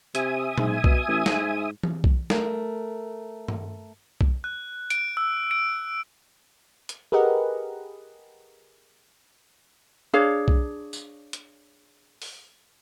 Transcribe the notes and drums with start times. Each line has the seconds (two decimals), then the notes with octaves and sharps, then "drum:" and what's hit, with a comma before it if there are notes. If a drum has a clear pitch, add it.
0.15 C3 E5 G#5 D#6, drum: hi-hat
0.58 G#2, drum: tom A#2
0.84 B2, drum: kick B1
1.08 A1
1.26 G#2, drum: snare
1.83 drum: tom E3
2.04 drum: kick B1
2.30 A3 A#4, drum: snare
3.48 drum: tom G2
4.21 drum: kick B1
4.44 F#6
4.90 D7, drum: hi-hat
5.17 E6
5.51 D7
6.89 drum: hi-hat
7.12 G4 G#4 A#4 B4 D#5 F#5
10.14 D4 G#4 C#5 F5
10.48 drum: kick B1
10.93 drum: tambourine
11.33 drum: hi-hat
12.22 drum: open hi-hat